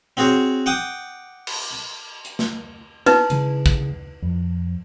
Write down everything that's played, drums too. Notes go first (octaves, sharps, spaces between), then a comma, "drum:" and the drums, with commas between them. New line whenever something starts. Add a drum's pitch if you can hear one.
C4 F#4 G#4 C5 C#5
F#5 G5 D6 D#6
drum: cymbal
drum: hi-hat
drum: snare
B3 D#4 E4 B4, drum: cymbal
C#3 E3 G#3, drum: hi-hat
drum: kick
F2